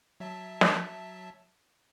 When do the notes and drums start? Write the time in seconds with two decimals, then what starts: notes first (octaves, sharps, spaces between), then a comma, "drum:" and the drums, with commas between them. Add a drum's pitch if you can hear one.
0.20 F#3 E5 A5
0.61 drum: snare